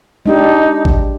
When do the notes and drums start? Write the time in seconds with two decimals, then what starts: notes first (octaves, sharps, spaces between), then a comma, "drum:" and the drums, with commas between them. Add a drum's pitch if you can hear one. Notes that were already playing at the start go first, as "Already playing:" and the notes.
0.26 G#3 D4 D#4 G4
0.85 drum: kick A1